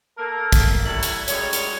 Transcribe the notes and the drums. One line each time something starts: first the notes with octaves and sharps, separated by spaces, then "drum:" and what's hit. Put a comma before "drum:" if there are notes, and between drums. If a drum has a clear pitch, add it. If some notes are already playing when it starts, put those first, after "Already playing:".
A#3 A4 A#4
drum: kick, hi-hat
F#3 G3 E4 A4 C#5
drum: hi-hat
F#2 G3 G#3 C#5, drum: hi-hat
drum: hi-hat